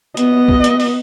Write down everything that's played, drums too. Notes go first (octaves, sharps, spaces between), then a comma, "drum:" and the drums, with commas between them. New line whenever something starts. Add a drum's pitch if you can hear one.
B3 D#5, drum: hi-hat
drum: kick
drum: hi-hat
drum: open hi-hat